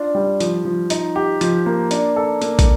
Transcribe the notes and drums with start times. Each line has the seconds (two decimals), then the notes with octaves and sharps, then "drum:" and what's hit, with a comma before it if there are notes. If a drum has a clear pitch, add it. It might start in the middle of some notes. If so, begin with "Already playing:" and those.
Already playing: D4 F4
0.15 G3
0.40 F3, drum: hi-hat
0.65 F3
0.90 D#4, drum: hi-hat
1.16 G4
1.41 F3, drum: hi-hat
1.66 A#3
1.91 D4, drum: hi-hat
2.16 A4
2.42 A#3, drum: hi-hat
2.59 drum: kick, hi-hat